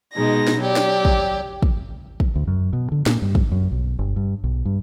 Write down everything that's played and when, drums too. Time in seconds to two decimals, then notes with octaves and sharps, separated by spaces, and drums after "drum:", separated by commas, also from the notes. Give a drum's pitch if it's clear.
0.13 B2 G#3 D#4 A#6
0.47 drum: snare
0.59 F#3 G4 D5
0.76 drum: snare
1.05 drum: kick
1.62 drum: kick
2.20 drum: kick
2.36 D2
2.47 F#2
2.73 B2
2.92 D3
3.06 A#2, drum: snare
3.22 G2
3.35 drum: kick
3.52 F#2
3.72 B1
3.99 G1
4.16 G2
4.44 B1
4.65 G2